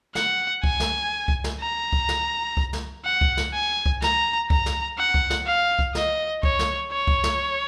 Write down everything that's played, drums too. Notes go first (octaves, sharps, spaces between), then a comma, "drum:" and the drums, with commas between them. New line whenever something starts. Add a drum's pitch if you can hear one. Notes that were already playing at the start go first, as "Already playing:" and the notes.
F#5, drum: snare
G#5, drum: kick C2
drum: snare
drum: kick C2
drum: snare
A#5
drum: kick C2
drum: snare
drum: kick C2
drum: snare
F#5
drum: kick C2
drum: snare
G#5
drum: kick C2
A#5, drum: snare
A#5, drum: kick C2
drum: snare
F#5
drum: kick C2
drum: snare
F5
drum: kick C2
D#5, drum: snare
C#5, drum: kick C2
drum: snare
C#5
drum: kick C2
drum: snare